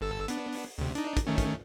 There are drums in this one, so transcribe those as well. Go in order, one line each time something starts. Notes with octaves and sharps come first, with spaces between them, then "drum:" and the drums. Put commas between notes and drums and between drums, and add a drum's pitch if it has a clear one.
G1 A4 E6
B3 D4, drum: hi-hat
drum: open hi-hat
D2 C3
D4 D#4, drum: hi-hat
drum: kick, hi-hat
D#3 A3 C#4
drum: kick, hi-hat